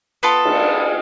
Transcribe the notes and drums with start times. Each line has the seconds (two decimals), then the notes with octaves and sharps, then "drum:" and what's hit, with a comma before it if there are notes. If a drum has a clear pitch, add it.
0.23 B3 F4 A4
0.45 drum: cymbal